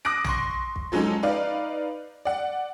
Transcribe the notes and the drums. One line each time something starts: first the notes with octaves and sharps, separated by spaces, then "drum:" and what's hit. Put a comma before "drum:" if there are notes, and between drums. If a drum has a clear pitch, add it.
D6 D#6 F#6 A#6 D7
C6 C#6 A#6, drum: tom A#1
drum: kick
F3 F#3 G#3 C#4 D#4 A4
D#4 B4 D5 F5
D5 F#5